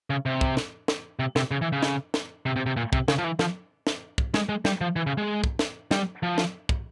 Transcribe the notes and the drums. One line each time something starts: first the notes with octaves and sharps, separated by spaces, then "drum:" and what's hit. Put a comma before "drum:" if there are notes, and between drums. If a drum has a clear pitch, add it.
C#3
C3
drum: kick
drum: snare
drum: snare
C3
C3, drum: snare
C#3
E3
C#3
drum: snare
drum: snare
C3
C3
C3
A#2
C3, drum: kick
C#3, drum: snare
F3
E3
F3, drum: snare
drum: snare
drum: kick
G#3, drum: snare
G#3
G3, drum: snare
F3
E3
C#3
G#3
drum: kick
drum: snare
G3, drum: snare
F3
drum: snare
drum: kick